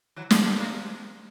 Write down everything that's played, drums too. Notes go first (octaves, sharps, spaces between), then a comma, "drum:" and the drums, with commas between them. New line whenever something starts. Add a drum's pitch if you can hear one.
E3 F#3
F3 G3, drum: snare
G3 A3
G#3 A#3